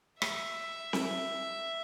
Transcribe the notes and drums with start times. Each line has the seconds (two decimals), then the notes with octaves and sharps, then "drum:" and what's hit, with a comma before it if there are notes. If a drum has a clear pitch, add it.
0.22 E5, drum: rim click
0.93 drum: snare C4